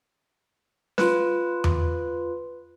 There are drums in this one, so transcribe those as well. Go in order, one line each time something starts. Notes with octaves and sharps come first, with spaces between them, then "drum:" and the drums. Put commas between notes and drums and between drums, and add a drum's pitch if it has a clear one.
F4 B4, drum: snare
drum: tom E2